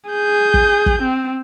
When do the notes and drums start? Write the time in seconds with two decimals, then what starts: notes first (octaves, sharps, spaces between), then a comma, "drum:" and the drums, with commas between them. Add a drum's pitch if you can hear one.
0.10 G#4 G6
0.54 drum: kick
0.86 drum: kick
1.02 C4